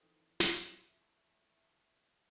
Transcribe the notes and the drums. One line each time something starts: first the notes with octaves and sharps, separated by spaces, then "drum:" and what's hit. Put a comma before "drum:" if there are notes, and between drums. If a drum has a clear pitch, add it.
E3 F3 A3 C4 D#4 E4 A4
drum: snare